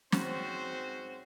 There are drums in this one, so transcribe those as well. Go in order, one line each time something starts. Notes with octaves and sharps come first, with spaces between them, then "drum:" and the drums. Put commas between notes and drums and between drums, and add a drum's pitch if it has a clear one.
G#2 C4 C#4 F#4 C5, drum: snare